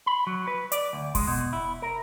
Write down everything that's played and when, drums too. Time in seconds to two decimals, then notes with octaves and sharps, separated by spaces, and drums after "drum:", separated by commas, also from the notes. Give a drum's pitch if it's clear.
0.06 B5
0.27 F#3
0.47 B4
0.72 D5, drum: hi-hat
0.93 D2
1.15 G#3, drum: kick E1, open hi-hat
1.28 B2
1.53 E4
1.82 A#4